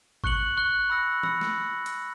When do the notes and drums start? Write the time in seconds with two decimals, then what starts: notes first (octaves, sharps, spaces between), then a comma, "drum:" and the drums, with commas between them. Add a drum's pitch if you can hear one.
0.24 C#6 F#6 C#7 F#7, drum: kick
0.57 C#6 F#6 C#7 F#7
0.90 B5 E6 A#6 C#7 F#7
1.23 B5 E6 A#6 C#7 F#7, drum: tom E3
1.41 drum: snare
1.86 drum: hi-hat